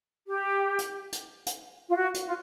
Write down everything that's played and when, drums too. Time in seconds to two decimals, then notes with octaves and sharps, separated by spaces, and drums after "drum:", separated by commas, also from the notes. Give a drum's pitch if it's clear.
0.27 G4
0.78 drum: hi-hat
1.12 drum: hi-hat
1.46 drum: hi-hat
1.89 F4
1.97 F#4
2.14 drum: hi-hat
2.27 F4